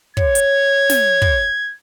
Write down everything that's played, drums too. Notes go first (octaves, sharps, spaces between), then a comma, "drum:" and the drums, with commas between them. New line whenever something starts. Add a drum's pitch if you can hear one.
C#5 G#6, drum: kick
drum: hi-hat
drum: snare
drum: kick